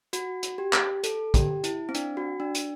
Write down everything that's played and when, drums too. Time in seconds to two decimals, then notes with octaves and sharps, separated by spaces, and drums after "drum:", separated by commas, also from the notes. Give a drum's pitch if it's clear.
0.13 F#4, drum: hi-hat
0.43 drum: hi-hat
0.58 G4
0.73 drum: clap
1.03 A4, drum: hi-hat
1.34 G4, drum: kick, hi-hat
1.64 E4, drum: hi-hat
1.89 C4
1.94 D4, drum: hi-hat
2.17 F#4
2.40 D4
2.55 drum: hi-hat